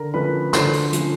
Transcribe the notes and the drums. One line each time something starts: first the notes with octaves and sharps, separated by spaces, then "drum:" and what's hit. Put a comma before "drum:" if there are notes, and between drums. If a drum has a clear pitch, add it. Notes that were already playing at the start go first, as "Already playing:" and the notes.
Already playing: D3 A#4 A#5
F3 A3 C#4 B4 B5
D3 C5 C6, drum: snare
drum: open hi-hat
F3 A3 C#4, drum: hi-hat